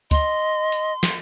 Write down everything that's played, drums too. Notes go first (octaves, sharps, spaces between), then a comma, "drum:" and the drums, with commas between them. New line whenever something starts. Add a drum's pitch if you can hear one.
D#5 C6, drum: kick, hi-hat
drum: hi-hat
drum: snare